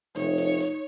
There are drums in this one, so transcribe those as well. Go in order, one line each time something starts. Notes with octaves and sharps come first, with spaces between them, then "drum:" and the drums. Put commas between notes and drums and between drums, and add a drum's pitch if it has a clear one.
F1 D#4 C#5, drum: hi-hat
drum: hi-hat
drum: hi-hat